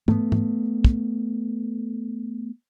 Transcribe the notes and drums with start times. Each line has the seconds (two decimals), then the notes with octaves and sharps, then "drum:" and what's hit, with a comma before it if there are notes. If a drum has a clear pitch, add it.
0.08 A3 B3, drum: tom G#2
0.32 drum: tom G#2
0.85 drum: kick